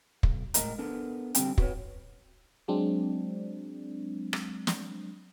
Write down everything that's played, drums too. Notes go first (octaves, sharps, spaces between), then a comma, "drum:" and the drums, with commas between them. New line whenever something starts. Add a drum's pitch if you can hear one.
B1, drum: kick
A2 G#3 A3 A#4 D#5 A#5, drum: hi-hat
B3 D4 A4 A#4
D3 G3 C4 G5, drum: hi-hat
F#4 B4 C#5, drum: kick
F#3 G#3 C4 D4
drum: rim click
drum: snare